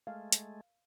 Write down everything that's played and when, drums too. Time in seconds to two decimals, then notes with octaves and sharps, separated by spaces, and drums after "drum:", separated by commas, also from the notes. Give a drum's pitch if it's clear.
0.07 G#3 A3 F5
0.32 drum: hi-hat